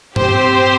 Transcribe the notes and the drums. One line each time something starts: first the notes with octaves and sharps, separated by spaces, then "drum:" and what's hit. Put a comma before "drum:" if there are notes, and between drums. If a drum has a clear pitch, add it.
C4 G4 C5, drum: tom G2